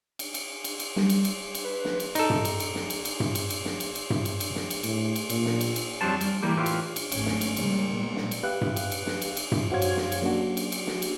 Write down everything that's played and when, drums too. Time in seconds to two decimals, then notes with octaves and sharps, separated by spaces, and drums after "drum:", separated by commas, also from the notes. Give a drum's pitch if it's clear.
0.19 drum: cymbal
0.34 drum: cymbal
0.64 drum: cymbal
0.79 drum: cymbal
0.96 G3, drum: snare
1.09 drum: cymbal
1.25 drum: cymbal
1.55 drum: cymbal
1.64 B4
1.85 drum: snare
2.00 drum: cymbal
2.15 D#4 A4, drum: cymbal
2.30 drum: tom G2
2.45 drum: cymbal
2.60 drum: cymbal
2.75 drum: snare
2.90 drum: cymbal
3.05 drum: cymbal
3.20 drum: tom G2
3.35 drum: cymbal
3.50 drum: cymbal
3.65 drum: snare
3.80 drum: cymbal
3.95 drum: cymbal
4.10 drum: tom G2
4.25 drum: cymbal
4.40 drum: cymbal
4.55 drum: snare
4.70 drum: cymbal
4.83 A2, drum: cymbal
5.16 drum: cymbal
5.30 A#2, drum: cymbal
5.46 drum: snare
5.61 drum: cymbal
5.76 drum: cymbal
6.01 F2 F#3 G3 D4 C5 A5
6.21 G3, drum: cymbal
6.43 E3 G3 A#3 G4
6.56 A2 E3 G3 F4 G4
6.66 drum: cymbal
6.96 drum: cymbal
7.12 G#1 D#2 G#2 A3 C#4, drum: cymbal
7.26 drum: snare
7.41 drum: cymbal
7.57 C#3 F3 G3 G#3 A#3, drum: cymbal
7.93 A#2 G3 G#3 A#3 B3
8.16 drum: snare
8.31 drum: cymbal
8.43 G4 B4 E5 F5 F#6
8.61 drum: tom G2
8.76 drum: cymbal
8.91 drum: cymbal
9.07 drum: snare
9.22 drum: cymbal
9.37 drum: cymbal
9.52 drum: tom G2
9.71 F#2 F#4 C5 C#5 F5 G#6
9.82 drum: cymbal
9.97 drum: snare
10.12 drum: cymbal
10.22 F#3 A#3 C#4 D4 F#4
10.57 drum: cymbal
10.72 drum: cymbal
10.87 drum: snare
11.02 drum: cymbal